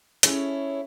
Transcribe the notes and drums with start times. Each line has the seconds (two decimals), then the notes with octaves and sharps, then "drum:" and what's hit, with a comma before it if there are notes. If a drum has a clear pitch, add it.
0.23 C#4 E4 F4 G#4 A4 C#5, drum: hi-hat